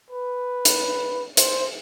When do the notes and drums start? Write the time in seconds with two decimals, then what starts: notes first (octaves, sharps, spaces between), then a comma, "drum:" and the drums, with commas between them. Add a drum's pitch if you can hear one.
0.11 B4
0.65 drum: hi-hat
1.37 C5, drum: hi-hat